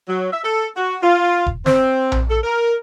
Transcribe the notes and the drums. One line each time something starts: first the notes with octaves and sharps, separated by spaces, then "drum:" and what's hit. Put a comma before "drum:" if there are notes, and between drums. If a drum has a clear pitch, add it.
F#3
E5
A4
F#4
F4
drum: kick E1
C4, drum: snare
drum: tom A#1
A4
A#4